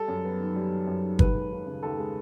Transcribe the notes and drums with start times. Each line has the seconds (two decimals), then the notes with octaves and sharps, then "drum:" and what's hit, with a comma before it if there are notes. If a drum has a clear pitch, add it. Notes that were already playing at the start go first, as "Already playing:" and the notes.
Already playing: G3 A4
0.08 F#2
0.25 B3
0.40 D#3
0.56 G3
0.72 D#3
0.88 F#2
1.03 D#3
1.19 D#2 B4, drum: kick G1
1.35 G#3
1.51 D#2
1.66 C#3
1.82 D#2 A4
1.98 G#3